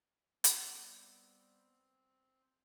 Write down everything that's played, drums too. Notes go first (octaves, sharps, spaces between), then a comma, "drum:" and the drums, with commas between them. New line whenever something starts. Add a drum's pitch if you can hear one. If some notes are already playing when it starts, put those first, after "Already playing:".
G3 B3 C4 A6, drum: hi-hat